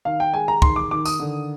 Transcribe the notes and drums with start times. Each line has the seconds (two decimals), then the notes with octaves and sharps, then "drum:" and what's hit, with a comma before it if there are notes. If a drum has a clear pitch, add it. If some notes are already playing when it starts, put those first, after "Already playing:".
0.05 D#3 F5
0.20 G5
0.34 G#3 G#5
0.48 A#5
0.62 D#3 C6, drum: kick
0.76 D6
0.91 D#3 D6
1.06 D#6, drum: tambourine
1.20 D3